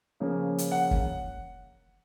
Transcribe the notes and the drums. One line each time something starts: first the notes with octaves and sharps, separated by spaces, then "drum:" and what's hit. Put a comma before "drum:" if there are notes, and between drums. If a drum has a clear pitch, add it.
C#3 F3 A#3 C#4
drum: hi-hat
F#5
drum: kick